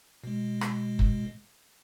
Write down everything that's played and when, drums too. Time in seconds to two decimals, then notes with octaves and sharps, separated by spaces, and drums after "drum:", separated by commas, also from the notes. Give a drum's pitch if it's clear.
0.24 B2 G#3
0.61 drum: rim click
0.99 drum: kick